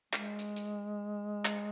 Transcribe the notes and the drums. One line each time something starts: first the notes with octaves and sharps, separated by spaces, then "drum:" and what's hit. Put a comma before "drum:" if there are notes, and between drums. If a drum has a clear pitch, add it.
G#3, drum: clap
drum: hi-hat
drum: hi-hat
drum: clap